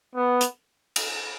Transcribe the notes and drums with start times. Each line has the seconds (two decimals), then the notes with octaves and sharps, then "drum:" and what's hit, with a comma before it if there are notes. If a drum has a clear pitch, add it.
0.15 B3
0.41 drum: hi-hat
0.96 drum: cymbal